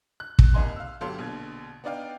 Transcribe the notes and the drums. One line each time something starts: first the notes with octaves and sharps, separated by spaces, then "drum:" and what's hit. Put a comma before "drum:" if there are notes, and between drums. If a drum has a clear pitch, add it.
F#6
drum: kick
C2 A#3 D#4 D#5 G#5 C6
F5 E6
G1 F#3 G4 A4 F5 C6
A#1 B2 D3 G#6
B3 D4 D#4 D5 F5 G5